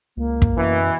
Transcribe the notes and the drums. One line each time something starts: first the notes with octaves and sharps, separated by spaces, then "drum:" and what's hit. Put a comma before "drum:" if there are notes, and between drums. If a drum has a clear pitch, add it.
C#2 A#3
drum: kick
F#2 B2 E3